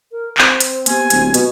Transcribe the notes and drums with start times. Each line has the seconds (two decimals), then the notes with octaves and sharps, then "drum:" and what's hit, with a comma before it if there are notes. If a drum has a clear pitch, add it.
0.12 A#4
0.38 C4, drum: clap
0.60 drum: hi-hat
0.86 A#3 B3 G4 G#5, drum: hi-hat
1.10 D1, drum: hi-hat
1.34 B2, drum: hi-hat